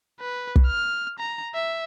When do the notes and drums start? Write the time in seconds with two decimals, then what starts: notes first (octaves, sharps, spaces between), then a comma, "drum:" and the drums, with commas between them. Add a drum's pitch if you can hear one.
0.20 B4
0.56 drum: kick
0.67 F6
1.19 A#5
1.55 E5